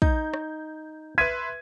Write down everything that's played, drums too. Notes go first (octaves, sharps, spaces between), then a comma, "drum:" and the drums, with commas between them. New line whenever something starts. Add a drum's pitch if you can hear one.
D#4 G6, drum: kick
drum: rim click
B4 E5 C6 G#6 B6 D#7